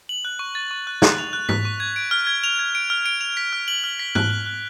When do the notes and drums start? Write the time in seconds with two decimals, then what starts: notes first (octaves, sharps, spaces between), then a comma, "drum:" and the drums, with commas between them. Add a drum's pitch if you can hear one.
0.09 F#7
0.25 F#6
0.39 C#6
0.55 A6
0.71 C#6
0.87 F#6
1.02 F#6, drum: snare
1.18 F7
1.33 F#6
1.49 B6, drum: tom
1.65 C#6
1.80 G#6
1.96 D7
2.11 F6
2.27 G#6
2.44 F7
2.59 G#6
2.75 D7
2.90 F6
3.06 D7
3.21 F7
3.37 B6
3.53 F6
3.68 F#7
3.84 F6
3.99 B6
4.15 F#6, drum: tom
4.31 F#7
4.46 F#6